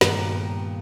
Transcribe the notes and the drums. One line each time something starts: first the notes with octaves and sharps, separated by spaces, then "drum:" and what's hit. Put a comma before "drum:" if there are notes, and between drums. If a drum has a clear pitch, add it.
G2 A#2 D#3 B3 A#4, drum: snare